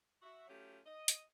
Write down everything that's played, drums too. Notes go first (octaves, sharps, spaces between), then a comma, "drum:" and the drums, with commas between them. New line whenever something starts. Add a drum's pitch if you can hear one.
F#4 E5
F#3 A3 C#4 F4 G4
D#5
drum: hi-hat